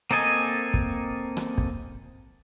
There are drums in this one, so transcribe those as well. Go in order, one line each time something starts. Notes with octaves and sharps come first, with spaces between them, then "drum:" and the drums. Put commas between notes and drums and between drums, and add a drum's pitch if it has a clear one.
A#3 C4 A4 D#5 G#5
drum: kick
drum: rim click
drum: kick